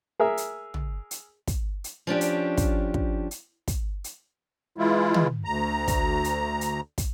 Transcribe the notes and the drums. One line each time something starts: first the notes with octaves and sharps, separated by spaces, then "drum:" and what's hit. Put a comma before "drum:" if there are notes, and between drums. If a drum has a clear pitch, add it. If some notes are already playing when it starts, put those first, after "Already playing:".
G#4 A#4 E5
drum: hi-hat
drum: tom
drum: hi-hat
drum: kick, hi-hat
drum: hi-hat
F3 C#4 D4 G4
drum: hi-hat
drum: kick, hi-hat
drum: kick
drum: hi-hat
drum: kick, hi-hat
drum: hi-hat
E3 G#3 E4 F4
drum: tom
D2 A#5
drum: kick, hi-hat
drum: hi-hat
drum: hi-hat
drum: kick, hi-hat